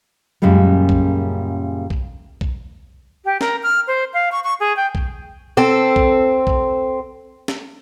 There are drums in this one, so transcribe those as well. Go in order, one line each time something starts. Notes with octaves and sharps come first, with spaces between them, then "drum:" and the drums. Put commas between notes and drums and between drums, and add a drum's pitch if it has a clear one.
F#2 A#2 C#3 G3 G#3
drum: kick B1
drum: kick B1
drum: kick B1
G4
A#4, drum: snare
F6
C5
F5
C#6
C#6
G#4
G5
drum: kick B1
C4 A4
drum: kick B1
drum: kick B1
drum: snare